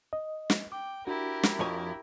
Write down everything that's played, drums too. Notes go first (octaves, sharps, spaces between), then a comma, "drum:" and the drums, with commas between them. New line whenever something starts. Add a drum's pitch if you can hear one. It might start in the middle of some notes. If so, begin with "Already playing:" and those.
D#5
drum: snare
G5 D6
D4 E4 F#4 G4 A#4
drum: snare
F2 C#5 G#5